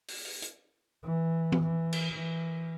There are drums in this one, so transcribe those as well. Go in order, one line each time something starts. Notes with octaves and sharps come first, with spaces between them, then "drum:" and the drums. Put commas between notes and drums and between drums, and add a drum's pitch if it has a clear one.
drum: open hi-hat
drum: open hi-hat
drum: hi-hat
E3
drum: tom E3
E3
drum: cymbal
E3